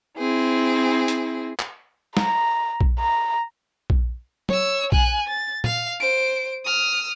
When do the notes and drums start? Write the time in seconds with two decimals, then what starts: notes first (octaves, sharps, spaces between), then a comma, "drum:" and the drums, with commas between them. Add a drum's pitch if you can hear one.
0.17 C4 E4 G#4
1.08 drum: hi-hat
1.59 drum: clap
2.17 A#5, drum: snare
2.81 drum: kick A#1
3.00 A#5
3.90 drum: kick A#1
4.49 C#5 E6, drum: tom
4.92 G#5 F#6, drum: kick A#1
5.27 A6
5.64 F5, drum: tom
6.00 C5 D7
6.64 D#6 F6